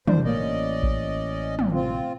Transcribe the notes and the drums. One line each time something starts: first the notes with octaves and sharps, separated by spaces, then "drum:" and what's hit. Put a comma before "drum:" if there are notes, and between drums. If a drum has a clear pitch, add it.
F#2 E3 D4 C5, drum: tom
A1 A#3 C#4 D5 D#5
drum: kick A1
drum: tom
C4 F4